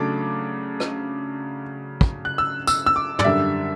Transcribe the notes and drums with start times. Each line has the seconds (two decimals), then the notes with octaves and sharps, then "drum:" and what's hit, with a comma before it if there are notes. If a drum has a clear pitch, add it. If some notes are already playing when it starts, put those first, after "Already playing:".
Already playing: C#3 F#3 A3 D4 D6
0.80 drum: rim click
2.01 drum: kick
2.25 F#6
2.38 E6
2.67 E6, drum: tambourine
2.86 E6
2.96 D6
3.19 D5, drum: tom
3.24 F#2 D3 G3 D4 E5